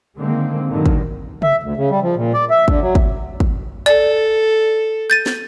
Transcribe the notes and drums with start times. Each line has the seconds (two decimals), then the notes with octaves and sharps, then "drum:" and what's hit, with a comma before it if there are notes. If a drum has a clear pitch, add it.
0.17 D3 D#3 G#3 A#3 C4
0.69 G2 A#2 D3 D#3 F#3
0.86 drum: kick
1.42 E5, drum: tom C3
1.63 D2
1.77 C#3
1.90 G3
2.02 F3
2.16 A#2
2.34 D5
2.50 E5
2.68 D3, drum: kick
2.81 F#3
2.95 drum: kick
3.40 drum: kick
3.86 A4 D5, drum: hi-hat
5.10 G6 A6 D#7
5.26 drum: snare